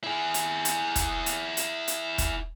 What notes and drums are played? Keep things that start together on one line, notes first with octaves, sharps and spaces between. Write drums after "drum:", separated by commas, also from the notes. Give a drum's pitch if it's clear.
E4 G#4
drum: hi-hat
drum: hi-hat
drum: kick, hi-hat
drum: hi-hat
drum: hi-hat
drum: hi-hat
drum: kick, hi-hat